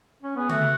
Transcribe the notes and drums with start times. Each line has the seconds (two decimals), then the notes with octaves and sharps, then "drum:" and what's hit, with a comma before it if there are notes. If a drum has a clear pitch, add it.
0.23 C#4
0.36 B3 G#4
0.49 A3 F#4, drum: tom C#3